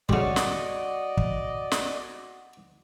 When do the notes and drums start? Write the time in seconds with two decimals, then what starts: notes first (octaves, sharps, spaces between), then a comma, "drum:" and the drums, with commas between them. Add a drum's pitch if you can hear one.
0.09 C#3 G3 F#4 D5 D#5 F#5, drum: kick
0.36 drum: snare
1.17 drum: kick
1.72 drum: snare